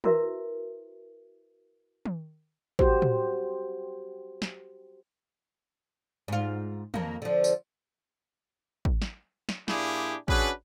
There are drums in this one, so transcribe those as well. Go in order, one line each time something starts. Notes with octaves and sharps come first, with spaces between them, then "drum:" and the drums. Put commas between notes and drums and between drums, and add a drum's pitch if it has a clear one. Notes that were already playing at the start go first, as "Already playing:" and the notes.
E4 F#4 A#4 B4 E5, drum: tom
drum: tom
F#4 G4 C5, drum: kick
drum: tom
drum: snare
G#2 F4
F2 A#3, drum: tom
D3 F3
drum: tambourine
drum: kick
drum: snare
drum: snare
A#2 D4 E4 F4 G4 G#4, drum: snare
C#4 D4 F#4 G#4 B4, drum: kick